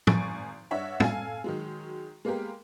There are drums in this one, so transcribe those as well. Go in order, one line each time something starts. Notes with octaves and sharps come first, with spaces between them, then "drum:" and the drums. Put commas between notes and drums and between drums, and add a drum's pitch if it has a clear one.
G#1 G#5 C#6 A6 D7, drum: tom
G2 D4 C#5 E5 F#5
A4 F5 G#5, drum: tom
D#3 F#3 G#3
G#3 A#3 B3 G4 A#4